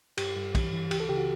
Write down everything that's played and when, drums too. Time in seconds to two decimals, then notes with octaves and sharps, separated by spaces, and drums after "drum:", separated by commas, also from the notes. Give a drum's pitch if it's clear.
0.17 G2 G4, drum: cymbal
0.36 G2
0.55 E3, drum: kick, cymbal
0.73 E3
0.91 C#2 G4, drum: cymbal
1.00 A4
1.09 C#3 G4
1.18 F#4